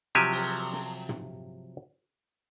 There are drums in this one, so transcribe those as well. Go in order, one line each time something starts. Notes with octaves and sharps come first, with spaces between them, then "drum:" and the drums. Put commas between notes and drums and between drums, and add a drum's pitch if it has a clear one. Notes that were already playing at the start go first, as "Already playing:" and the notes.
C3 F3 F#3 G4 G#5, drum: hi-hat
drum: open hi-hat
drum: snare
drum: tom